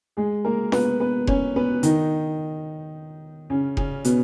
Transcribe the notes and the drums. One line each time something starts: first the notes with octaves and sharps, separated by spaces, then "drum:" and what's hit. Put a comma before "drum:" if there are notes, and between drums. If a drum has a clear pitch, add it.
G#3 G#4
A#3 A#4
B3 B4, drum: snare F4
B3 B4
C#4 C#5, drum: kick F1
B3 B4
D#3 D#4, drum: hi-hat
C#3 C#4
C#3 C#4, drum: kick F1
B2 B3, drum: hi-hat